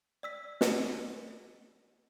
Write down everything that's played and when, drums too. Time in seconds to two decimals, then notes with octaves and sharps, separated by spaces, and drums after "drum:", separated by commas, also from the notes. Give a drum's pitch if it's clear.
0.23 D5 E6 B6
0.61 drum: snare